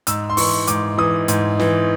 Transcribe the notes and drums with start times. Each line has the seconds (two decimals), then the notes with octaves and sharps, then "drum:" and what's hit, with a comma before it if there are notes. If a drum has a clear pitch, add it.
0.07 G#2 E6, drum: hi-hat
0.30 C6
0.37 E3 C#6, drum: open hi-hat
0.67 G#2 D6, drum: hi-hat
0.98 E3 D#6
1.28 G#2, drum: hi-hat
1.59 E3, drum: snare